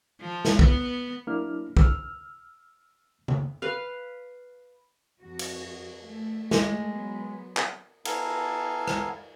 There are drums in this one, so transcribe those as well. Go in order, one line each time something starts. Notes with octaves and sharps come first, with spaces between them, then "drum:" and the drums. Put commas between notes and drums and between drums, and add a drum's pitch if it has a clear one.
F3
drum: snare
B3, drum: kick
F#3 A#3 D4 E4 F6
E6 F6, drum: kick
drum: tom C#3
B4 F5
F2 F#4
drum: cymbal
A3
G#3, drum: snare
F#3 B3
drum: clap
B3 E4 A4 F5 G#5 A#5, drum: cymbal
drum: rim click